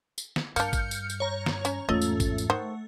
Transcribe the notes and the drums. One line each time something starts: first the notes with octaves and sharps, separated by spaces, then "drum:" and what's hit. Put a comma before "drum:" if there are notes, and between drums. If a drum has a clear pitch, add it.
drum: tambourine
drum: snare
G2 A#3 D4 F6 G6 C#7, drum: tambourine
drum: kick G#1, tambourine
drum: tambourine
drum: tambourine
C#5 A#5
drum: snare
C#4, drum: tambourine
E2 G#2 A3 C#4 F4 A4 D#5
drum: tambourine
drum: kick G#1, tambourine
drum: tambourine
D#3 C5 F#5 A5 C#6